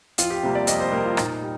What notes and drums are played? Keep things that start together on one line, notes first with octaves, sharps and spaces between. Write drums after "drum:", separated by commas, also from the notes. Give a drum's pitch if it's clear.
F2 F4, drum: hi-hat
G4
C3 G3 A#3
D5
F2 D#5, drum: hi-hat
C5
C3 G3 A#3 A#4
F4
A#2 D#4, drum: rim click
G3